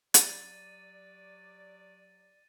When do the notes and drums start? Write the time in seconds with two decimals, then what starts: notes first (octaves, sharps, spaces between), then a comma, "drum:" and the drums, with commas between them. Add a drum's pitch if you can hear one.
0.14 F#3 G4 D5 A6 D#7, drum: hi-hat